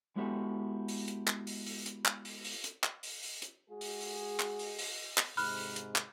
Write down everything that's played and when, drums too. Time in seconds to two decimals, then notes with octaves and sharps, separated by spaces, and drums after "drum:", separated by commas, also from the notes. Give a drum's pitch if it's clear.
0.16 G#3 B3 E4 F#4 G4 A4
0.88 drum: open hi-hat
1.08 drum: hi-hat
1.27 drum: clap
1.47 drum: open hi-hat
1.66 drum: open hi-hat
1.86 drum: hi-hat
2.05 drum: clap
2.25 drum: open hi-hat
2.44 drum: open hi-hat
2.64 drum: hi-hat
2.83 drum: clap
3.03 drum: open hi-hat
3.23 drum: open hi-hat
3.42 drum: hi-hat
3.70 G#3 F#4 G#4
3.81 drum: open hi-hat
4.01 drum: open hi-hat
4.40 drum: clap
4.59 drum: open hi-hat
4.79 drum: open hi-hat
5.18 drum: clap
5.37 G#2 C3 B5 F6 F#6, drum: open hi-hat
5.57 drum: open hi-hat
5.76 drum: hi-hat
5.96 drum: clap